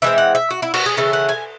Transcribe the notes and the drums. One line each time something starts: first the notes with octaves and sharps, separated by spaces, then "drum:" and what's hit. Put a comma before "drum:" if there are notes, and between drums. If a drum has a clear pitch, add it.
E3 G#3 C4 E5
F#5
E5
F#4
E4
F#4, drum: cymbal
G#4
C#3 E3 A3 A4
F#5
G#5